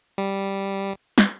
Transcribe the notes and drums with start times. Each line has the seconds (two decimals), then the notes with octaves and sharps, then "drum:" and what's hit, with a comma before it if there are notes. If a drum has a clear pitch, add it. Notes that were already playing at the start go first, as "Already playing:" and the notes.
0.18 G3
1.18 drum: snare